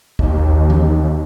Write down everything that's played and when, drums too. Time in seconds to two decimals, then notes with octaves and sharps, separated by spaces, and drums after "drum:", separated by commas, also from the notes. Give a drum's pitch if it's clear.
0.19 D#2, drum: kick
0.70 drum: tom E3